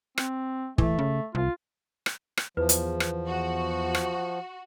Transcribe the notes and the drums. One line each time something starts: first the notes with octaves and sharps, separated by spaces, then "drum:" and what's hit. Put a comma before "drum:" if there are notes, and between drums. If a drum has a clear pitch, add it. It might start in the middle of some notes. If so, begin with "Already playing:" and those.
C4, drum: rim click
E3 A3, drum: kick
C#3
C2 F4
drum: rim click
drum: rim click
E2 F3 B4
drum: hi-hat
drum: rim click
F#4
drum: rim click